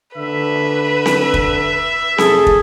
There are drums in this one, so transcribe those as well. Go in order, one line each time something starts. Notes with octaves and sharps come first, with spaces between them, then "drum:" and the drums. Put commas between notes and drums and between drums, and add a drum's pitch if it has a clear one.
D3 B4 E5
drum: snare C4
drum: kick
F1 G#4 A4, drum: snare C4
drum: kick